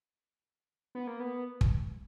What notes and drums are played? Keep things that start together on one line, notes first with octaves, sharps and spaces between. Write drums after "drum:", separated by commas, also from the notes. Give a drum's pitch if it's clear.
B3
A#3
B3
drum: kick